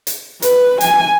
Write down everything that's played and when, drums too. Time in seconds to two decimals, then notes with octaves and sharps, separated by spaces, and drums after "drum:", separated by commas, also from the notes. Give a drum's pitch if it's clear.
0.07 drum: hi-hat
0.42 B4, drum: hi-hat
0.81 G#5, drum: hi-hat